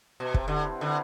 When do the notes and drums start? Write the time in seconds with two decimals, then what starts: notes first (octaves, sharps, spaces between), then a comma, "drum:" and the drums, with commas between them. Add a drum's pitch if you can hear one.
0.20 B2
0.34 C3, drum: kick
0.47 D3 C4 E4 B4 F#5
0.81 D3